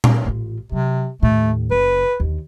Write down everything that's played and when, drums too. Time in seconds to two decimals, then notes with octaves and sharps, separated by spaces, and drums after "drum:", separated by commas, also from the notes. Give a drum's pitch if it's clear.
0.04 drum: tom A#2
0.24 A1 F4
0.72 C3 F#3
1.22 D#2 A2 A3
1.71 F#1 B4
2.20 D#2 D3